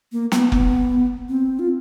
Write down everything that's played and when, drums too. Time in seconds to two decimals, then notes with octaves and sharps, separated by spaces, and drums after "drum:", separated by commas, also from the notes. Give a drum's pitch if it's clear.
0.12 A#3
0.32 B3, drum: snare
0.52 B3, drum: kick F1
1.29 C4
1.59 F4